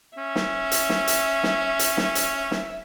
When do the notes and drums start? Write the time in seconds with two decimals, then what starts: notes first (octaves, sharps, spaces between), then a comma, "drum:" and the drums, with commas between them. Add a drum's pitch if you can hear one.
0.18 C#4 E5
0.36 drum: snare
0.71 drum: hi-hat
0.89 drum: snare
1.07 drum: hi-hat
1.43 drum: snare
1.79 drum: hi-hat
1.97 drum: snare
2.15 drum: hi-hat
2.51 drum: snare